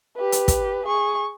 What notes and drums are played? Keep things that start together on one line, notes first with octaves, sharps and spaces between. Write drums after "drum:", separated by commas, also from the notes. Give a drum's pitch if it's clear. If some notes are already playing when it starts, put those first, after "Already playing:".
G4 B4
drum: hi-hat
drum: kick, hi-hat
G#4 C#6